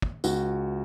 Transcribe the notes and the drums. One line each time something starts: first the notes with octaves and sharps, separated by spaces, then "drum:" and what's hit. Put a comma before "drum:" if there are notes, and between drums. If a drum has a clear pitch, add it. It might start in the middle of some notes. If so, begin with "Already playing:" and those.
drum: kick
C#2 F#4, drum: tambourine